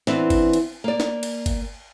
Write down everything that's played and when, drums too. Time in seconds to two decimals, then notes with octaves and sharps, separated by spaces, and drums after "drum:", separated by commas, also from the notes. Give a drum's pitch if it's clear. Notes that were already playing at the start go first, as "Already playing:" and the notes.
0.07 E3 B3 C4 D4, drum: snare
0.30 drum: kick G1, cymbal
0.53 drum: cymbal
0.84 A#3 D5
1.00 drum: snare
1.23 drum: cymbal
1.46 drum: kick G1, cymbal